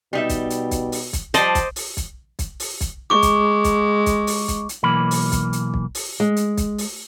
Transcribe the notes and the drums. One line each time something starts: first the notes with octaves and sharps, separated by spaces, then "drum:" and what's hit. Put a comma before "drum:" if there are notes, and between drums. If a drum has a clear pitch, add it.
B2 G3 D#4 E5
drum: kick, hi-hat
drum: hi-hat
drum: kick, hi-hat
drum: open hi-hat
drum: kick, hi-hat
F3 G3 C5 D5 D#5, drum: hi-hat
drum: kick, hi-hat
drum: open hi-hat
drum: kick, hi-hat
drum: kick, hi-hat
drum: open hi-hat
drum: kick, hi-hat
G#3 C#6 D6
drum: kick, hi-hat
drum: kick, hi-hat
drum: kick, hi-hat
drum: open hi-hat
drum: kick, hi-hat
drum: hi-hat
B1 E3 A#3 B5
drum: open hi-hat
drum: kick, hi-hat
drum: hi-hat
drum: kick
drum: open hi-hat
G#3
drum: hi-hat
drum: kick, hi-hat
drum: open hi-hat